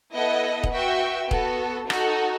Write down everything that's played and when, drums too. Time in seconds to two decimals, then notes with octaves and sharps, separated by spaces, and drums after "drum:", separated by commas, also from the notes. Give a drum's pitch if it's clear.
0.14 B3 E4 A4 D#5 F#5
0.63 drum: kick D#1
0.73 F#4 B4 E5 G5
1.31 B3 F#4 A4, drum: kick D#1
1.90 D#4 F#4 A4, drum: rim click